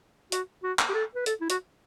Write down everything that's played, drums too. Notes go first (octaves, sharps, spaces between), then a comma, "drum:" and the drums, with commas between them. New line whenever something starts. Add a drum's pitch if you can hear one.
F#4, drum: hi-hat
F#4
drum: clap
G4
A4
B4
A4, drum: hi-hat
E4
F#4, drum: hi-hat